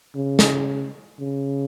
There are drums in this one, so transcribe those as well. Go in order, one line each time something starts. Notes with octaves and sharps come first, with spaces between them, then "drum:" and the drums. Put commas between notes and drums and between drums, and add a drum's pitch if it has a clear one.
C#3
drum: snare
C#3